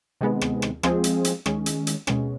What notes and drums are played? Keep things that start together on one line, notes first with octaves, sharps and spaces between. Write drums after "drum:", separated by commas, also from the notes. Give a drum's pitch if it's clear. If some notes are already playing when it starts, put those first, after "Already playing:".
C3 D#3 G#3 B3
drum: rim click
drum: rim click
F3 G#3 C4 F4 G#4, drum: rim click
drum: hi-hat
drum: hi-hat
D#3 G#3 C#4, drum: rim click
drum: hi-hat
drum: hi-hat
B2 G#3 C#4, drum: rim click